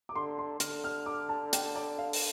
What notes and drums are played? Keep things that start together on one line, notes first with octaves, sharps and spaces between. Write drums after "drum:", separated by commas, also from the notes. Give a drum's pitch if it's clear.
D6
D3 C6
C6
D3 F6, drum: hi-hat
F6
D6
A5
G5, drum: hi-hat
D5
F5
drum: open hi-hat